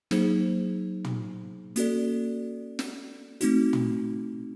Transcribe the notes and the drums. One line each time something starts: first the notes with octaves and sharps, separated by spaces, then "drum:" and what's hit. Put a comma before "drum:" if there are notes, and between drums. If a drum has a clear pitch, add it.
F#3 A#3 D#4 G#4 C5, drum: snare
drum: tom
A#3 C#4 F#4 A4 D5, drum: hi-hat
drum: snare
A3 C4 D#4 F#4, drum: hi-hat
drum: tom